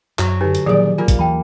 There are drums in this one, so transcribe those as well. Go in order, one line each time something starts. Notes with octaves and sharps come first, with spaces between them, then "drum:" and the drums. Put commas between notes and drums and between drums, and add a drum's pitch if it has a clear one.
F#2 F#3, drum: clap
D3 D#4 G4 B4 G#5
drum: hi-hat
A#2 D#3 F3 F#3 G#4 D5
A#3 F4 A#4 D5 G#5
drum: kick, hi-hat
D#2 E3 G5 A5 B5